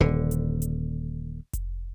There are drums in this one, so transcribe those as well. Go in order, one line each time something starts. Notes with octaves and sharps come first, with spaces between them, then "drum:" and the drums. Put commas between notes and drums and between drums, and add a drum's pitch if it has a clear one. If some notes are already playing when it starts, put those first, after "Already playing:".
D#1 D3
drum: hi-hat
drum: hi-hat
drum: kick F1, hi-hat